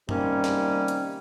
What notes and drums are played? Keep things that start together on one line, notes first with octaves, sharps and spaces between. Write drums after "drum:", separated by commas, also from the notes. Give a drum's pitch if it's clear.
C3 D#3 G3 A#3 C#4, drum: tom F#2
drum: snare
drum: hi-hat